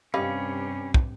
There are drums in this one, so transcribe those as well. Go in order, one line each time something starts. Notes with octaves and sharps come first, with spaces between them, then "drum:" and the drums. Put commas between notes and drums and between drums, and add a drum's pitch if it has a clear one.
G2 C3 C#4 G4 D#5 F5 B5
drum: kick